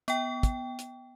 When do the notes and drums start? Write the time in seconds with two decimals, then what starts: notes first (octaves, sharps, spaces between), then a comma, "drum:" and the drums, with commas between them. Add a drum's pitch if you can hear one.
0.08 B3 G5, drum: hi-hat
0.43 drum: kick, hi-hat
0.79 drum: hi-hat